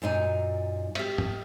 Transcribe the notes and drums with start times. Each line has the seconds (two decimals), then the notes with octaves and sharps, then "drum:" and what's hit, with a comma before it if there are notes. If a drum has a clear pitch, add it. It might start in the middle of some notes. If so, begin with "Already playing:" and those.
0.02 F#2 A#2 D#4 G#5
0.95 G4 E5, drum: cymbal
1.18 drum: tom